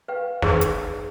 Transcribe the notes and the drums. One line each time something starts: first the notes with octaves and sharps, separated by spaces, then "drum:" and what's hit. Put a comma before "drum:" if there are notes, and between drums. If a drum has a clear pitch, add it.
B4 F5 G5
D#4 G#4 B4, drum: snare
drum: hi-hat